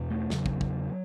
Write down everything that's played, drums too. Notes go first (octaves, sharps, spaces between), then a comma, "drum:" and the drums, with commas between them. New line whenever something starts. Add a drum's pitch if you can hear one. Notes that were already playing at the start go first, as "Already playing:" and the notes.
Already playing: E2 B2
A3
E2 C#3 F#3, drum: snare
drum: kick
drum: kick